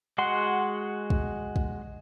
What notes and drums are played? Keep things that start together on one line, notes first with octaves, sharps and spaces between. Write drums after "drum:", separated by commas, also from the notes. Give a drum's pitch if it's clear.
G#3 F#4 F#5 C6
drum: kick
drum: kick